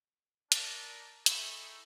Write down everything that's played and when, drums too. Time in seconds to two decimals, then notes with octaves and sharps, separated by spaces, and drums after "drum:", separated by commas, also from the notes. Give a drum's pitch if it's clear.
0.52 A3 D4 D#4 A#4 D5, drum: hi-hat
1.26 D#4 E4 G#4 A4 C#6, drum: hi-hat